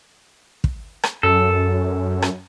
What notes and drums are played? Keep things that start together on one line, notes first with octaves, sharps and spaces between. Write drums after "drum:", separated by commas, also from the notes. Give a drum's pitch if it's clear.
drum: kick
drum: rim click
F#2 A4
drum: rim click